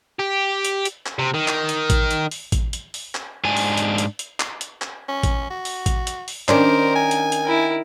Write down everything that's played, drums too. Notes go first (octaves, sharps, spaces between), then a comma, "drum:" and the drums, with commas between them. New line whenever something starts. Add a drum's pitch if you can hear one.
G4
drum: hi-hat
drum: hi-hat
drum: clap
C3
D#3
drum: clap
drum: hi-hat
drum: kick A1, hi-hat
drum: hi-hat
drum: open hi-hat
drum: kick A1, hi-hat
drum: hi-hat
drum: open hi-hat
drum: clap
G#2 D4 G#5
drum: open hi-hat
drum: hi-hat
drum: hi-hat
drum: hi-hat
drum: clap
drum: hi-hat
drum: clap
C#4
drum: kick A1, hi-hat
F#4
drum: open hi-hat
drum: kick A1, hi-hat
drum: hi-hat
drum: open hi-hat
D#3 C#4 D4 A#4 C5, drum: clap
G#5
drum: hi-hat
drum: hi-hat
E4 A#4